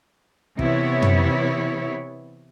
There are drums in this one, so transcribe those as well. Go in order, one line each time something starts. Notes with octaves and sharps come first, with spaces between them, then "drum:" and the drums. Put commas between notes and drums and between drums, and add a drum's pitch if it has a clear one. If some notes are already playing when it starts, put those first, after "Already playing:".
C3 E3 B3 E4 C#5, drum: kick
drum: tom